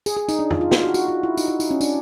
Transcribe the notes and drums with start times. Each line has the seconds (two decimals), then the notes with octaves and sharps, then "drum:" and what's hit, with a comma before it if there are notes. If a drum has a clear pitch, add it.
0.06 G#4, drum: tambourine
0.17 G#4
0.29 D#4, drum: tambourine
0.39 D4
0.50 F4, drum: tom F2
0.61 F4
0.71 F4, drum: snare
0.83 F#4
0.94 F#4, drum: tambourine
1.08 F4
1.23 E4
1.37 D#4, drum: tambourine
1.48 D#4
1.60 D#4, drum: tambourine
1.71 C#4
1.81 D4, drum: tambourine